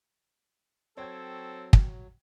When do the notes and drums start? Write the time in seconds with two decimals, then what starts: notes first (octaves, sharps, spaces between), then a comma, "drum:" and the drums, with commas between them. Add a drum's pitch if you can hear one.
0.97 F#3 C4 A4 C#5 G5 G#6
1.73 drum: kick